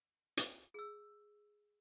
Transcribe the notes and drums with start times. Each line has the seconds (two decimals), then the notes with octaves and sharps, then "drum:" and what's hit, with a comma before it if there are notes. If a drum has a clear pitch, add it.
0.37 drum: hi-hat
0.74 G#4 E6